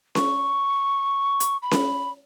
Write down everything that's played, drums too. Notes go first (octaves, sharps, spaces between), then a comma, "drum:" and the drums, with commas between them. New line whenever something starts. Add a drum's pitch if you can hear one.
C#6, drum: snare C#4
drum: hi-hat
B5
drum: snare C#4